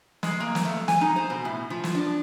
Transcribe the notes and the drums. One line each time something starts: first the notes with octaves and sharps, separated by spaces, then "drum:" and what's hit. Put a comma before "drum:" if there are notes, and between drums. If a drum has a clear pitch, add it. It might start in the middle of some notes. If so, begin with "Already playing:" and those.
G#3, drum: snare
A#3
drum: snare
A3
G#5, drum: snare
D#4
C5
B2
A2
F3
drum: snare
D4